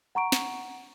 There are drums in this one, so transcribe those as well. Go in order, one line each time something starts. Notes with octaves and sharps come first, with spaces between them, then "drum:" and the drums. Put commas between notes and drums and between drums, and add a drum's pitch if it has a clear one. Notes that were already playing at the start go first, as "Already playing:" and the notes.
F#5 A#5 C#6 D7
drum: snare